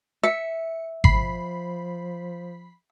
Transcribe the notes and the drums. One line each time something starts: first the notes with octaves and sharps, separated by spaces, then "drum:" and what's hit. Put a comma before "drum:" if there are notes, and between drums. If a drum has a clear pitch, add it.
E5 C#7
F3 B5 B6 C7, drum: kick G#1